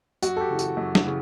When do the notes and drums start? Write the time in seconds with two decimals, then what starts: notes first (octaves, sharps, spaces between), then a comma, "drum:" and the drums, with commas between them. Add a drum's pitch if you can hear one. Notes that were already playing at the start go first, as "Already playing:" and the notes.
0.22 F#2 F#4, drum: tambourine
0.37 A4
0.40 G4
0.50 C#3 E3
0.59 F#4, drum: tambourine
0.77 F#2
0.95 drum: snare
1.04 C#3 E3